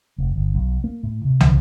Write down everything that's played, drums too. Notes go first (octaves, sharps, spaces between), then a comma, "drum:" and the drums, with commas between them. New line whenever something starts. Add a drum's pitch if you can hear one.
F1
G1
B1
A#3
A2
C3
drum: tom